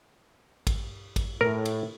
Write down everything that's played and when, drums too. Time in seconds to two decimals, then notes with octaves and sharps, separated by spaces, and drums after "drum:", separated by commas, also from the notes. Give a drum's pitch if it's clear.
0.67 drum: kick, cymbal
1.16 drum: kick, cymbal
1.41 A2 A#4
1.65 drum: cymbal